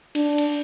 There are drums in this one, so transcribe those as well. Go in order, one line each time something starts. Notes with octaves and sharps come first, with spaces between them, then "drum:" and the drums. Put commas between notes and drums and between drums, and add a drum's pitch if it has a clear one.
D4, drum: cymbal
drum: cymbal